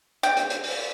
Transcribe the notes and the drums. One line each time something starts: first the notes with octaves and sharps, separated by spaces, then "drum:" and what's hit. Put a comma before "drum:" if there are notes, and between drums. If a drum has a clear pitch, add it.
G5, drum: hi-hat
drum: hi-hat
drum: hi-hat
drum: open hi-hat